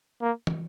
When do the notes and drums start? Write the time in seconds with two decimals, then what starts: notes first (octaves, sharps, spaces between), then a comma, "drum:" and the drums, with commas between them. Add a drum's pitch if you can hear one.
0.22 A#3
0.47 drum: tom